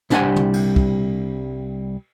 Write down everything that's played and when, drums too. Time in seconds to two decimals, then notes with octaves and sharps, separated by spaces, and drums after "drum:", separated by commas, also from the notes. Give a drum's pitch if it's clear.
0.10 C2 G3 D4 C5 F#5 G#5, drum: snare
0.36 drum: tom
0.53 drum: cymbal
0.76 drum: kick